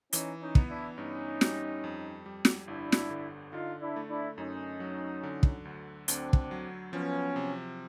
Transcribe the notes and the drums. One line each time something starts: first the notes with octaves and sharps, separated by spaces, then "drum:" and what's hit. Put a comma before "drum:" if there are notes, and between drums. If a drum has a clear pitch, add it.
E3 C#4 D#4, drum: hi-hat
C#4 D#4
B3, drum: kick
D4 E4
G2 C#4 D#4
G3, drum: snare
F2
G3
drum: snare
G1 D4 E4
drum: snare
D3
D3 D#4 F4
D4 E4
A3
D4 E4
F#2 C#4 D#4
F#3
D3
drum: kick
D2
D2 C4 D4, drum: hi-hat
drum: kick
F#3
F3 B3 C#4
C3